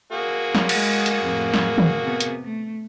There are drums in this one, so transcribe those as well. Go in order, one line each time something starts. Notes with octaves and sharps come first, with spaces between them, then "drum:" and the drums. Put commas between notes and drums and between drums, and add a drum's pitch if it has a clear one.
A#3 F#4 G#4
drum: snare
G#3 F#5, drum: cymbal
drum: hi-hat
F2 A2
drum: snare
drum: tom
C3 B3
drum: hi-hat
A3